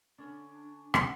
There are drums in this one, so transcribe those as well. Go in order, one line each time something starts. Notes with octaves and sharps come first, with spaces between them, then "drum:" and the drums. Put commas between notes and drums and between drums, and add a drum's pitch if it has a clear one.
D3 C#4 D4 D5
D#5 F#5, drum: rim click